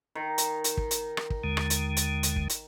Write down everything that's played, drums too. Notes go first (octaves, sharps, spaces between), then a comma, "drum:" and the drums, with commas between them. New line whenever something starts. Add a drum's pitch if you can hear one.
D#3
drum: hi-hat
drum: hi-hat
drum: kick
drum: hi-hat
drum: rim click
drum: kick
D#2 D3 G#3
drum: rim click
drum: hi-hat
drum: hi-hat
drum: hi-hat
drum: kick
drum: hi-hat